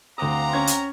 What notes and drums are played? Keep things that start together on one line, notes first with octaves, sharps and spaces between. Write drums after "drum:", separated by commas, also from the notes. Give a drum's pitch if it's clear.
D2 C4 F5 F#5 A#5 C6 D6 D#6
C#4 G#6
drum: hi-hat